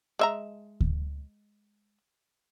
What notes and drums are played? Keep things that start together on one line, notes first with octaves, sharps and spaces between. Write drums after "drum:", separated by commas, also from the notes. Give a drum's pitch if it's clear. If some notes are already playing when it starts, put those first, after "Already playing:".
G#3 E5 A#5
drum: kick D2